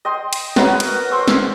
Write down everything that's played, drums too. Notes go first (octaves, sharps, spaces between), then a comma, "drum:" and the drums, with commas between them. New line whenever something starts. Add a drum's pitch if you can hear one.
D#5 G5 C6
drum: cymbal
F#4 A#4 B4 C#5, drum: snare
drum: cymbal
C5 C6 C#6 E6
drum: snare